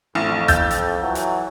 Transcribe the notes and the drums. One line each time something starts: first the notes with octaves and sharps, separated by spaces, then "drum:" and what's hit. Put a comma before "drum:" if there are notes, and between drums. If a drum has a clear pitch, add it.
A1 F2
E6 G6 A6, drum: kick, hi-hat
drum: hi-hat
E3 F#3
drum: hi-hat